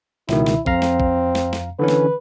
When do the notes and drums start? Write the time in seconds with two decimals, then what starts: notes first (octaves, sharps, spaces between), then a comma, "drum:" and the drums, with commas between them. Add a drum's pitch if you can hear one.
0.29 C#2 B2 D#3 E4, drum: snare
0.46 drum: snare
0.66 F2 C4 F5 A#5, drum: kick
0.82 drum: snare
1.00 drum: kick
1.35 drum: snare
1.53 drum: snare
1.79 D3 E3 C#4 B4
1.88 drum: snare